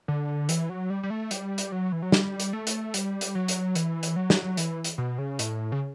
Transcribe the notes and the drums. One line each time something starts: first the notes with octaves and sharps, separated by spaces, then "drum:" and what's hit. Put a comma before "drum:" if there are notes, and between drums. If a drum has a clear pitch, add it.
D3
E3, drum: hi-hat
F#3
G3
G3
A3
G3, drum: hi-hat
drum: hi-hat
F#3
E3
F#3
G3, drum: snare
drum: hi-hat
A3
drum: hi-hat
G3, drum: hi-hat
drum: hi-hat
F#3
drum: hi-hat
E3, drum: hi-hat
drum: hi-hat
F#3
drum: snare
E3, drum: hi-hat
drum: hi-hat
B2
C#3
A2, drum: hi-hat
C#3